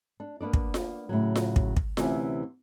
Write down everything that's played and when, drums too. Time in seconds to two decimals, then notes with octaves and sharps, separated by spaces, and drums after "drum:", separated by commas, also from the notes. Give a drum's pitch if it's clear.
0.20 D4
0.41 A#3 B3 D4 D5
0.54 drum: kick
0.74 drum: snare F4
1.09 A2 C#3 F#3
1.36 drum: snare F4
1.56 drum: kick
1.77 drum: kick
1.97 D2 C3 E3 C#4 G#5, drum: snare F4